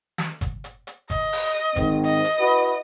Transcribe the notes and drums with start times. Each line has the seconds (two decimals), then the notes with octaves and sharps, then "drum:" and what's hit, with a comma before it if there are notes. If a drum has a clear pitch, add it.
0.18 drum: snare
0.41 drum: kick, hi-hat
0.64 drum: hi-hat
0.87 drum: hi-hat
1.10 D#5, drum: kick, hi-hat
1.33 drum: open hi-hat
1.76 G#2 D#3 C4, drum: kick, hi-hat
2.05 D#5
2.24 drum: hi-hat
2.39 E4 F#4 B4